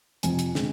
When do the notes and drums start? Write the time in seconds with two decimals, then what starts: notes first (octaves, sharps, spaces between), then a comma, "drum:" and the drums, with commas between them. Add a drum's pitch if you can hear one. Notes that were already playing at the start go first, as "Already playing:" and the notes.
0.23 F2 C3 F3 G#5, drum: hi-hat
0.39 drum: hi-hat
0.55 D3 G#3 C4, drum: snare